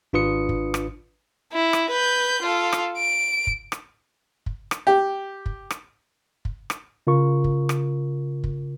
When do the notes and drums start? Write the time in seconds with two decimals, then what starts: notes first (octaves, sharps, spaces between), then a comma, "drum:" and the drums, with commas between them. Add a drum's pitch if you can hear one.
0.13 G#1 D4 F4 B4 D#6 C#7
0.49 drum: kick
0.74 drum: rim click
1.53 E4
1.73 drum: rim click
1.91 B4 G6
2.42 F4 A4
2.73 drum: rim click
2.97 D7
3.47 drum: kick
3.72 drum: rim click
4.46 drum: kick
4.71 drum: rim click
4.87 G4
5.46 drum: kick
5.70 drum: rim click
6.45 drum: kick
6.70 drum: rim click
7.07 C#3 F4 A#4 C#6
7.44 drum: kick
7.69 drum: rim click
8.44 drum: kick